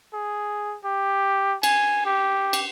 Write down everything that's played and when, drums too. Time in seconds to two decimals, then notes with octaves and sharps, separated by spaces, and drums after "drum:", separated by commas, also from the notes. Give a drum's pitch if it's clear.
0.14 G#4
0.85 G4
1.63 G#5, drum: cymbal
2.05 G4
2.53 drum: cymbal